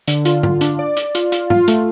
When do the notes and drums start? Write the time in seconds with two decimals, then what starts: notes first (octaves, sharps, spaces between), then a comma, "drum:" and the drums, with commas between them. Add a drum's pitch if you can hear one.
0.08 D3, drum: hi-hat
0.25 F4, drum: hi-hat
0.43 F4, drum: tom
0.61 D4, drum: hi-hat
0.79 D5
0.97 D5, drum: hi-hat
1.15 F4, drum: hi-hat
1.32 F4, drum: hi-hat
1.50 F4, drum: tom
1.68 A3, drum: hi-hat